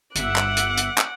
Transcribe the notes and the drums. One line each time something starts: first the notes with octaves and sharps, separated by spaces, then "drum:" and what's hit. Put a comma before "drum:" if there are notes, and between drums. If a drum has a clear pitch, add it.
G1 E5 F#5 D6 F#6, drum: hi-hat
drum: clap
drum: hi-hat
drum: hi-hat
drum: clap